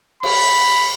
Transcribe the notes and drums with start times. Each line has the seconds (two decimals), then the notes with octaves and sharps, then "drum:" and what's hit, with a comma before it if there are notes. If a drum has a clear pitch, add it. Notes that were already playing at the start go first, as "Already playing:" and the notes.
0.23 B5, drum: cymbal